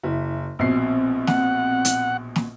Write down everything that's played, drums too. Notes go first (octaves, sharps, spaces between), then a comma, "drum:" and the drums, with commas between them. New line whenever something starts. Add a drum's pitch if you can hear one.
F#1 E4
A#1 B2 C4 C7
F#5, drum: snare
drum: hi-hat
drum: snare